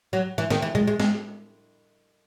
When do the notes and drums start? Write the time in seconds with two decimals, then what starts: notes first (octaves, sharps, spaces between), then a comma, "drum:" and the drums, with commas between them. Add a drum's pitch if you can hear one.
0.13 F#3
0.38 E3
0.50 D#3, drum: snare
0.62 E3
0.75 G#3, drum: tom A#2
0.87 G#3
1.00 G#3, drum: snare